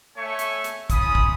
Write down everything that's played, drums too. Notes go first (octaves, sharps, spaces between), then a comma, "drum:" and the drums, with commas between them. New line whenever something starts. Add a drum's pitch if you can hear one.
A3 C#5 E5 G#5 C#6
drum: hi-hat
drum: hi-hat
C#4 F4 B5 D#6, drum: kick, hi-hat
drum: kick